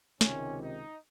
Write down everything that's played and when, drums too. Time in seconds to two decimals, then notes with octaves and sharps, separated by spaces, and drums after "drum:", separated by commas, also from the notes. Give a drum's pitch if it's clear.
0.21 C#2 C3 D#3 C#4, drum: snare
0.61 D#4